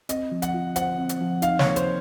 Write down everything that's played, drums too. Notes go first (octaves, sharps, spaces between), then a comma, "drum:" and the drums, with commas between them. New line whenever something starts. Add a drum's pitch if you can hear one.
C4 D#5, drum: hi-hat
F3
F#5, drum: hi-hat
F4
C5 F#5, drum: hi-hat
C4
drum: hi-hat
F3
D#4 F5, drum: hi-hat
C#5, drum: snare
A#3
C5, drum: hi-hat